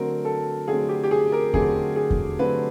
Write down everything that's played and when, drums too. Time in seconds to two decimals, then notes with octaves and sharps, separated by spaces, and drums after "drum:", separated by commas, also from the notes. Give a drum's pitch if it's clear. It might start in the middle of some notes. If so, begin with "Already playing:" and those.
Already playing: D3 F#3 A3 C4 A#4
0.25 A4
0.67 D3 F#3 A3 C4 G#4
0.89 G4
1.04 G4
1.11 G#4
1.32 A#4
1.54 D3 F#3 A3 C4 G#4, drum: kick E2
1.96 G#4
2.11 drum: kick E2
2.39 D3 F#3 A3 C4 B4